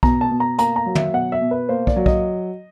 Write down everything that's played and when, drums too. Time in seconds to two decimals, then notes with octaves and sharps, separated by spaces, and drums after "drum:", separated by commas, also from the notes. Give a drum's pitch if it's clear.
0.03 B2 A#5, drum: kick
0.21 A5
0.31 B2
0.40 A#5
0.58 A#3 A#5, drum: hi-hat
0.76 A#5
0.86 F#3
0.95 E5, drum: tom
1.13 B2 F#5
1.32 E5
1.41 B2
1.51 B4
1.69 A#3 C5
1.87 D5, drum: kick
1.96 F#3
2.06 D#5, drum: kick